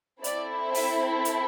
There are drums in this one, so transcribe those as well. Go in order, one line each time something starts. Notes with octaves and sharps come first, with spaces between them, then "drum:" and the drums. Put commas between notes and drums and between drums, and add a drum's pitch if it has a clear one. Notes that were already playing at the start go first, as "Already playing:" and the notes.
C4 E4 A4 D5, drum: hi-hat
E5, drum: open hi-hat
drum: hi-hat